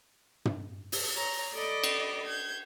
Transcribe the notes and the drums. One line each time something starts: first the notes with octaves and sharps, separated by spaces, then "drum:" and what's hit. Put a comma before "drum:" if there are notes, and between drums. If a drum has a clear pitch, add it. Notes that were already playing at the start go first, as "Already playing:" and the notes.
drum: tom
drum: open hi-hat
C#5 A#5
A4 D5 D#5 B5 D6
drum: cymbal
G6 G#6